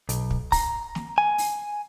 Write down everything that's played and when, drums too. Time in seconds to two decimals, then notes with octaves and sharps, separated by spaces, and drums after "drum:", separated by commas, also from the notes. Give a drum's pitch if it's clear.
0.09 B1, drum: hi-hat
0.30 drum: kick
0.52 A#5, drum: kick, open hi-hat
0.95 drum: snare
1.18 G#5
1.38 drum: open hi-hat